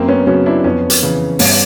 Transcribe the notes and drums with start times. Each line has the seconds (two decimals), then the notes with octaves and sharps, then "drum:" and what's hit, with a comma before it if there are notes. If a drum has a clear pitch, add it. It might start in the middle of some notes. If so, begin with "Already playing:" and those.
Already playing: F#2 A#3 C4
0.08 B3 C#4
0.27 C#3 F#3 B3 C#4
0.46 D4 E4
0.64 F2 B3 C#4
0.90 drum: hi-hat
1.03 C#3 E3
1.39 G2 B3 C#4, drum: open hi-hat